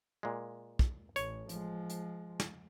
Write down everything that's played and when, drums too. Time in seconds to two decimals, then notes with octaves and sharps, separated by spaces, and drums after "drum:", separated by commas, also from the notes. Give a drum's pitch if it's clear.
0.23 A#2 G#3
0.79 drum: kick
1.16 A1 C#5, drum: hi-hat
1.49 F3 G#3, drum: hi-hat
1.90 drum: hi-hat
2.40 drum: snare